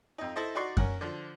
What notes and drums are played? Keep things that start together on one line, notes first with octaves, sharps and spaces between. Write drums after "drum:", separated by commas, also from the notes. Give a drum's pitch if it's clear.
F2 D#4
E4 A4 C5 D#5
D#4 F#4 D5 C6 C#6
C#4 A#4 F#5, drum: kick F#2
D3 F3